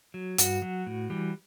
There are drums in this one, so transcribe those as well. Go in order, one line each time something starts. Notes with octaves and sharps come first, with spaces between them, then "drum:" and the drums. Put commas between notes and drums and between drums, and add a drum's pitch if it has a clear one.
F#3
G2 F#4, drum: hi-hat
F#3
A2
E3 G3